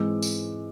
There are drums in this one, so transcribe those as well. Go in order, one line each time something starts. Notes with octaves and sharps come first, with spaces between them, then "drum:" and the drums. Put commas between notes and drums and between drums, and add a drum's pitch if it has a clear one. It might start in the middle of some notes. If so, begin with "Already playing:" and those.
Already playing: G#2 E3 G#3 C4 D6 E6
drum: tambourine